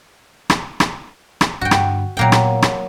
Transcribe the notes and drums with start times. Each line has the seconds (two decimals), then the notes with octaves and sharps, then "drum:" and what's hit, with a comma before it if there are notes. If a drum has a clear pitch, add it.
0.50 drum: rim click
0.80 drum: rim click
1.41 drum: rim click
1.61 G2 D3 F#4 G5
1.71 drum: rim click
2.17 A#2 F#3 A#3 B3 G5
2.32 drum: rim click
2.62 drum: rim click